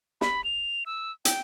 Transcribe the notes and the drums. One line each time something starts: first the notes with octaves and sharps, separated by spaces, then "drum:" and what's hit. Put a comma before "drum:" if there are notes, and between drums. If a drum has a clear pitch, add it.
B5, drum: snare
F7
E6
G5, drum: hi-hat